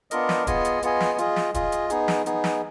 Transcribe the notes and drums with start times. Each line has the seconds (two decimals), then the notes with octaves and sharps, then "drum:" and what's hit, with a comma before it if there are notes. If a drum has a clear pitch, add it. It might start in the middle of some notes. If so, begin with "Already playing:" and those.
0.11 B3 D4 F4 A#4 D#5, drum: hi-hat
0.29 drum: snare
0.47 B3 F4 G#4 D#5 G#5, drum: kick, hi-hat
0.65 drum: hi-hat
0.83 B3 F4 G#4 D#5 G#5, drum: hi-hat
1.00 drum: snare
1.18 F4 G#4 D#5, drum: hi-hat
1.36 drum: snare
1.54 F4 G#4 D#5, drum: kick, hi-hat
1.72 drum: hi-hat
1.90 B3 D#4 G#4, drum: hi-hat
2.08 drum: snare
2.26 B3 D#4 G#4, drum: hi-hat
2.44 drum: snare